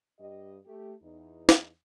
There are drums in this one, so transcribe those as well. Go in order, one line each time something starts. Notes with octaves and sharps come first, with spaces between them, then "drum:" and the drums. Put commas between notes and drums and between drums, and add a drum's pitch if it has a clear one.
G2 G4 D#5
A3 G4
E2 D#4
drum: snare